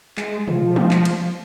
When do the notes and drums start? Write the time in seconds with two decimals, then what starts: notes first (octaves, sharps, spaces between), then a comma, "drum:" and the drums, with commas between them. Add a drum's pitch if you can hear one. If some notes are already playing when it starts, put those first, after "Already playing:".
0.17 G#3, drum: clap
0.48 F3, drum: tom B2
0.76 drum: tom
0.91 drum: clap
1.05 drum: cymbal